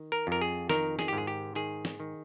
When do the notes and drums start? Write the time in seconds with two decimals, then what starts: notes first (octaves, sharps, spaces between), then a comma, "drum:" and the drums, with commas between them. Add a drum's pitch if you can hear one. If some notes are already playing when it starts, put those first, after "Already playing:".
Already playing: D#3
0.12 A#4
0.27 F2 A#4
0.41 G#4
0.69 D#3 A#4, drum: snare
0.99 G#4, drum: snare
1.08 G4
1.13 G#2 G#4
1.27 G4
1.55 D#3 G#4, drum: hi-hat
1.85 drum: snare
2.00 D#3